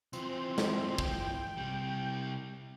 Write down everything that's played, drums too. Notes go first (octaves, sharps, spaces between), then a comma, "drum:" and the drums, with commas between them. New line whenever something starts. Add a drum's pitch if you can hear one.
E3 F3 C4, drum: tambourine
drum: snare
G5, drum: kick
C3 G3